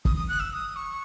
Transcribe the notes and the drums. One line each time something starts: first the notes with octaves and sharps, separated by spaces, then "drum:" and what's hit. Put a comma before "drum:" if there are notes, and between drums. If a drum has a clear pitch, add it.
D#6, drum: kick F#1
D#6
F#6
E6
D#6
C#6